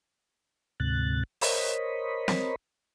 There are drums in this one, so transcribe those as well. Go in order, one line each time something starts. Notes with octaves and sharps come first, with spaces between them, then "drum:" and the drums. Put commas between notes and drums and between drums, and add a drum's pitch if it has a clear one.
D2 G#2 C3 F#6 A6
A#4 C5 C#5 D#5 B5, drum: open hi-hat
drum: snare